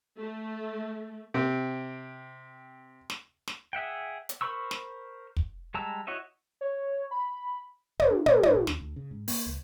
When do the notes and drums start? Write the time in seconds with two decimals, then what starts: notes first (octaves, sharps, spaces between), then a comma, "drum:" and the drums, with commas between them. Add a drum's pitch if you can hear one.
0.20 A3
1.34 C3 C4
3.10 drum: snare
3.48 drum: snare
3.73 G#4 E5 F#5 G5
4.29 drum: hi-hat
4.41 A#4 C5 B5 C#6 E6
4.71 drum: snare
5.36 drum: kick
5.74 G3 G#3 A5 A#5 E6
6.07 E4 F#4 C#5 D#5 E5
6.61 C#5
7.11 B5
8.00 F1, drum: tom
8.11 D4
8.26 A#2, drum: tom
8.43 G#2, drum: tom
8.55 A#1
8.67 D#2, drum: snare
8.80 D2
8.96 C#3
9.11 G#2
9.28 A#3, drum: open hi-hat
9.46 C#2